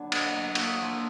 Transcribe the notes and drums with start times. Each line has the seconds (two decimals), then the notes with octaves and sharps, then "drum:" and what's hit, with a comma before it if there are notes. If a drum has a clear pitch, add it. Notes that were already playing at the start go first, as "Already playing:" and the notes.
Already playing: D3 F#3 B3
0.12 B2, drum: cymbal
0.34 F#3 A#3
0.55 D3 F#4, drum: cymbal
0.78 F3 A#3